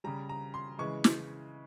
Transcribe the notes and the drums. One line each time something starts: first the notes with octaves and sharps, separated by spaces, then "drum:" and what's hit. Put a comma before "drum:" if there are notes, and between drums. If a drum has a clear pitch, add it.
C#3 G3 A#5
A#5
C6
C#3 E3 G#3 C#6
drum: snare